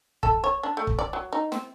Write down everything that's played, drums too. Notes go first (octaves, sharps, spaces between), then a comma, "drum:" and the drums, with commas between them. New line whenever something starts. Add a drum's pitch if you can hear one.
A4, drum: kick
C#5
D4
A3
drum: kick
D5
F#3
D#4
C4, drum: snare